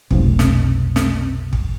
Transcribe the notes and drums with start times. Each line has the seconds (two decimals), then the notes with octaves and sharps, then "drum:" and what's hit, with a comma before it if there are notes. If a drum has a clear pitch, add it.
0.11 F1 B1 F3 C4, drum: kick
0.39 drum: snare
0.96 drum: snare
1.53 drum: kick